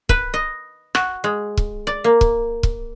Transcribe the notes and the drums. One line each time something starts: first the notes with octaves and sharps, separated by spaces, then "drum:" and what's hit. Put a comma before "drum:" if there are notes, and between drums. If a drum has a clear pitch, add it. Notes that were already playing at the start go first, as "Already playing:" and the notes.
B4, drum: kick
D#5
F#4, drum: rim click
G#3
drum: kick
D5
A#3
drum: kick
drum: kick